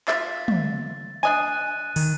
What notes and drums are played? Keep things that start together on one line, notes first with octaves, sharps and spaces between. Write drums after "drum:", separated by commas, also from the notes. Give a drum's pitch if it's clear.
F4 E5 A6, drum: clap
drum: tom
D4 D#5 G#5 F#6 D#7
D#3, drum: open hi-hat